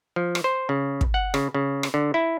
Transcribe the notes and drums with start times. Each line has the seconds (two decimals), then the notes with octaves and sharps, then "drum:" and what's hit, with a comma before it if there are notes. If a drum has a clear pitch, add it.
0.16 F3
0.35 drum: rim click
0.44 C5
0.69 C#3
1.01 drum: kick
1.14 F#5
1.34 C#3, drum: rim click
1.54 C#3
1.83 drum: rim click
1.94 D3
2.14 E4